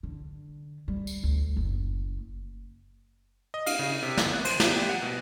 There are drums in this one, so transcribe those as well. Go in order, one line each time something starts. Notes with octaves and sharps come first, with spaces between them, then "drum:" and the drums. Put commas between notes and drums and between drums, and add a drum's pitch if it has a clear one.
D3
G3
drum: tambourine
D2
F#1
D#5
F5, drum: cymbal
C#3
C3
G1, drum: snare
F#6
C5, drum: cymbal
G3, drum: snare
G4
F#5
B2